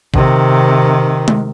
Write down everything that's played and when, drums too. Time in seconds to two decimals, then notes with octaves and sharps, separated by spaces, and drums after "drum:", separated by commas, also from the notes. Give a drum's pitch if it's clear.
0.14 C3 D#3, drum: kick A1
1.28 drum: tom G#3